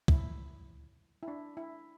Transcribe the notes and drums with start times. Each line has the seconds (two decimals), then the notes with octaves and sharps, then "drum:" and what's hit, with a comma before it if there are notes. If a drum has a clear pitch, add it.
0.08 E4, drum: kick
1.23 E4
1.28 D4
1.57 E4